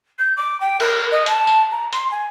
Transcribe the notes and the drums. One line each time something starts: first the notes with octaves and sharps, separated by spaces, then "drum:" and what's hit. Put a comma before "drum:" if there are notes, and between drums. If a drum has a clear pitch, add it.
G6
D6
G5
A#4, drum: cymbal
D#5
A5, drum: hi-hat
drum: tambourine
A#5
C6, drum: hi-hat
G#5